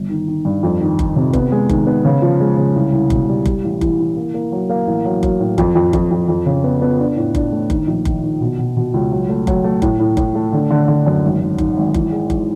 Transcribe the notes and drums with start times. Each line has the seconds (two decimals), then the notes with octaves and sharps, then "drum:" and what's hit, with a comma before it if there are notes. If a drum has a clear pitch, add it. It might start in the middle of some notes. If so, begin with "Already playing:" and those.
Already playing: G1
0.09 D#3
0.27 D#3
0.45 G2
0.63 F2
0.81 D#3
0.99 D#3, drum: kick F#1
1.16 C3
1.33 B3, drum: kick F#1
1.52 G#3
1.70 D#3, drum: kick F#1
1.87 B3
2.05 C#3
2.22 F3
2.40 G#3
2.57 C#3
2.75 C2
2.92 C2
3.10 B2, drum: kick F#1
3.28 G3
3.46 G3, drum: kick F#1
3.64 A1
3.81 E3, drum: kick F#1
3.99 E3
4.17 A#3
4.34 A#3
4.52 F#3
4.69 A#3
4.87 A1
5.05 F#3
5.23 F#3, drum: kick F#1
5.40 A2
5.58 F2, drum: kick F#1
5.75 F2
5.93 F2, drum: kick F#1
6.11 F2
6.28 F2
6.46 C#3
6.64 B3
6.82 B3
6.99 D4
7.16 A2
7.35 D4, drum: kick F#1
7.52 A3
7.70 D#3, drum: kick F#1
7.87 A#1
8.05 D#3, drum: kick F#1
8.23 D#3
8.41 B2
8.58 B2
8.77 B2
8.94 C#2
9.12 F#3
9.29 A3
9.47 F#3, drum: kick F#1
9.64 A3
9.82 A2, drum: kick F#1
9.99 A2
10.17 A2, drum: kick F#1
10.35 A3
10.53 D3
10.70 D3
10.88 D3
11.06 F#2
11.24 G#1
11.41 G#1
11.58 G#2, drum: kick F#1
11.77 G#1
11.94 E3, drum: kick F#1
12.11 G#3
12.30 E3, drum: kick F#1